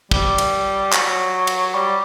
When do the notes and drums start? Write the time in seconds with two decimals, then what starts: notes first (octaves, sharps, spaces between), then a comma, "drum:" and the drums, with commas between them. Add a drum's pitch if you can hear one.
0.11 G3, drum: kick
0.38 drum: cymbal
0.93 F#3, drum: clap
1.47 drum: cymbal
1.75 G3